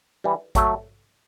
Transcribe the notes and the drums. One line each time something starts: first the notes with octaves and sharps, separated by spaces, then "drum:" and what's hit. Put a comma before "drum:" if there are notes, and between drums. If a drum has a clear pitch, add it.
E3 G3
F#3 A3, drum: kick A1, hi-hat